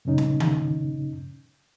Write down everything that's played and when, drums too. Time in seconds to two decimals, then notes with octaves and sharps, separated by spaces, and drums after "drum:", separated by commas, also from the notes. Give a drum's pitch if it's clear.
0.05 F#2 A#2 C#3 C#4 D#4
0.18 drum: snare
0.40 drum: tom D#3